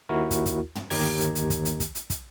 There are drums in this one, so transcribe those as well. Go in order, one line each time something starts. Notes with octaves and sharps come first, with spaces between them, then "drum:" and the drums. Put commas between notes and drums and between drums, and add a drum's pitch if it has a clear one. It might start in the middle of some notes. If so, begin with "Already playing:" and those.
D#2 E4 F#4 A#4
drum: kick, hi-hat
drum: kick, hi-hat
drum: tom
G1 D#2 D#3 G4 A#5 G#6, drum: open hi-hat
drum: hi-hat
drum: hi-hat
drum: kick, hi-hat
drum: hi-hat
drum: kick, hi-hat
drum: hi-hat
drum: kick, hi-hat